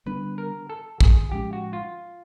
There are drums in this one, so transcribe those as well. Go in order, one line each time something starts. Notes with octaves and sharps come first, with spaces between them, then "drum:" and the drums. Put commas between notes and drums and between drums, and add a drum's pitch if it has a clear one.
D3 G3 B3 D4 B4
A#4
A4
G#4, drum: kick A#1
A2 F3 G#3 C#4 G4
F#4
F4